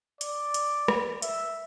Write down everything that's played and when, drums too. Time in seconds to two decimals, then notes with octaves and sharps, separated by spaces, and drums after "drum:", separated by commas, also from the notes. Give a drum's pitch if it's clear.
0.21 D5, drum: hi-hat
0.54 drum: hi-hat
0.88 drum: rim click
1.22 E5, drum: hi-hat